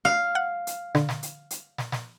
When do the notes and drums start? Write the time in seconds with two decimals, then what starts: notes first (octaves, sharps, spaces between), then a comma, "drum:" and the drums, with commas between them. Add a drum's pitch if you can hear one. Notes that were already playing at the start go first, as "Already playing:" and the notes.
0.05 F5
0.35 F#5
0.67 drum: hi-hat
0.95 D3, drum: snare
1.09 drum: snare
1.23 drum: hi-hat
1.51 drum: hi-hat
1.78 drum: snare
1.92 drum: snare